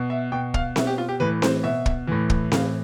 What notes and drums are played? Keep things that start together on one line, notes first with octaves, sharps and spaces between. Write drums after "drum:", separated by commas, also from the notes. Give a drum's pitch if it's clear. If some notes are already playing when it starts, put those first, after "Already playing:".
Already playing: B2
E5
B2 G5
F5, drum: kick
B2 E5, drum: snare C4
G4
F4
G4
A2 E3 B4
C5, drum: snare C4
B2 E5
drum: kick
A2 E3
drum: kick
A2 E3 F5, drum: snare C4